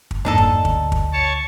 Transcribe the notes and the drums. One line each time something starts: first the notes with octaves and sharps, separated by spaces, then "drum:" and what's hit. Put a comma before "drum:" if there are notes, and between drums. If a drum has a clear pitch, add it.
drum: kick
F2 G#2 A#3 D4 D#4 A4
drum: kick
D2, drum: kick
drum: kick
C#5 A5 C#6